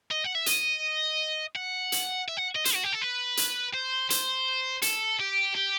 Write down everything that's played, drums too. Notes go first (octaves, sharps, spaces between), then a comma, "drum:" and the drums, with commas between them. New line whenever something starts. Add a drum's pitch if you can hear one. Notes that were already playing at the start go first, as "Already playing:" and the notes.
D#5
F#5
E5
D#5, drum: hi-hat
F#5
drum: hi-hat
E5
F#5
D#5
C5, drum: hi-hat
F#4
G4
A4
B4
drum: hi-hat
C5
C5, drum: hi-hat
A4, drum: hi-hat
G4
G4